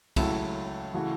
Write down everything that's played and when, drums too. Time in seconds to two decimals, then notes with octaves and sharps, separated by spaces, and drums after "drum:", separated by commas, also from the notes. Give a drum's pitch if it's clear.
0.16 C#2 C#3 F#3 A3 E4, drum: kick, cymbal
0.94 C#3 E3 A3 F#4